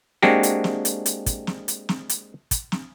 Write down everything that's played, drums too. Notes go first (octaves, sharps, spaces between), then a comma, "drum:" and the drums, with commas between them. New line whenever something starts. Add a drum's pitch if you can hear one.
G#3 A#3 C4 D4 F#4 G4, drum: snare
drum: hi-hat
drum: snare
drum: hi-hat
drum: hi-hat
drum: kick, hi-hat
drum: snare
drum: hi-hat
drum: snare
drum: hi-hat
drum: kick, hi-hat
drum: snare